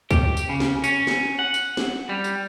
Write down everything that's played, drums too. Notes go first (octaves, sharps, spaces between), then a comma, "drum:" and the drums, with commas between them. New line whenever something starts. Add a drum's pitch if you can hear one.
G4, drum: kick C#2, tambourine
drum: tambourine
C#3
drum: snare
C#4, drum: tambourine
drum: snare
F#5
drum: tambourine
drum: snare
G3
drum: tambourine